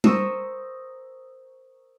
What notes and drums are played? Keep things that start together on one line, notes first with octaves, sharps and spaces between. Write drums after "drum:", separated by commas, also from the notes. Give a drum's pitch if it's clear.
A#4 C5 C#6 D#6 E6, drum: tom G3